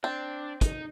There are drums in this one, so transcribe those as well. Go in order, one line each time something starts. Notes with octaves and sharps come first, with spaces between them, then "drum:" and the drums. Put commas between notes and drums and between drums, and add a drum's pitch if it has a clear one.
C4 D4
D#4, drum: kick, hi-hat